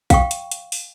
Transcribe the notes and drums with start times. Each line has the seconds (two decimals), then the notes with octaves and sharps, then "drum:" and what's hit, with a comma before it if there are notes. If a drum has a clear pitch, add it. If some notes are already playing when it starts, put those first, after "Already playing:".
0.10 F5 G5 C#6, drum: kick A#1, hi-hat
0.31 drum: hi-hat
0.51 drum: hi-hat
0.72 drum: open hi-hat